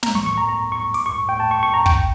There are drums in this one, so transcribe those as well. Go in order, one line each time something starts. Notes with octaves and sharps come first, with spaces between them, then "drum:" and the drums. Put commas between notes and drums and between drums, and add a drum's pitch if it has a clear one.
A#5, drum: snare
C#6
C#6
A#5
A#5
C#6
D6, drum: open hi-hat
C#6
G5
A5
C#6
C#6
A#5
G5, drum: kick